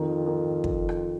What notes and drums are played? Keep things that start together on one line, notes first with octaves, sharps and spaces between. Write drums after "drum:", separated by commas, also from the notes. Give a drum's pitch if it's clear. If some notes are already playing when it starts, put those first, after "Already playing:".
Already playing: F2 D#3
D#3
drum: kick
drum: rim click